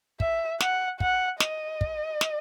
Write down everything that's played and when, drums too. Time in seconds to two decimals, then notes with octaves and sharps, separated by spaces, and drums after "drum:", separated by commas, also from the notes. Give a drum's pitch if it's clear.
0.20 E5, drum: kick
0.61 F#5, drum: snare
1.00 F#5, drum: kick
1.40 D#5, drum: snare
1.81 drum: kick
2.21 drum: snare